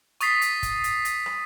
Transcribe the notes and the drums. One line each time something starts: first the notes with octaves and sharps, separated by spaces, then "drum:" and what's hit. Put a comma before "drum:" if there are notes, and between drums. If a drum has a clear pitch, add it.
C#6 D#6 A6 B6 C7, drum: hi-hat
drum: hi-hat
drum: kick, hi-hat
drum: hi-hat
drum: hi-hat
drum: rim click